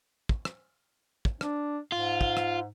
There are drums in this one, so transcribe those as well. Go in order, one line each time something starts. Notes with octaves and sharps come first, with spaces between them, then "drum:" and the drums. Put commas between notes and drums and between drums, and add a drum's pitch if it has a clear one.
drum: kick
drum: rim click
drum: kick
D4, drum: rim click
G#2 F4
drum: kick
drum: rim click